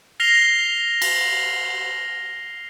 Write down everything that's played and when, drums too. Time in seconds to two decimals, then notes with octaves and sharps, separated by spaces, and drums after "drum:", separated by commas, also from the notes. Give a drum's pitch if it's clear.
0.20 F6 A#6 C7 F7 G7
1.02 drum: cymbal